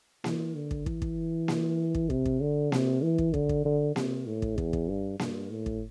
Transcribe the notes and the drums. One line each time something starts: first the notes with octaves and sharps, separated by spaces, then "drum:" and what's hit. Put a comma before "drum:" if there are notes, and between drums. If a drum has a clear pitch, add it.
E3, drum: snare A#3
D3
drum: kick
E3, drum: kick
drum: kick
drum: snare A#3
drum: kick
C3, drum: kick
drum: kick
D3
C3, drum: snare A#3
E3
drum: kick
D3, drum: kick
drum: kick
D3
C3, drum: snare A#3
A2
drum: kick
E2, drum: kick
drum: kick
G2
G2, drum: snare A#3
A2
drum: kick